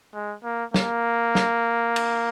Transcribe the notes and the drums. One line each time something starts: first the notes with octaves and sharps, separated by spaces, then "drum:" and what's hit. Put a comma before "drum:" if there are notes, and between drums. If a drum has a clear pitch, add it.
G#3
A#3
A#3, drum: snare
drum: snare
drum: cymbal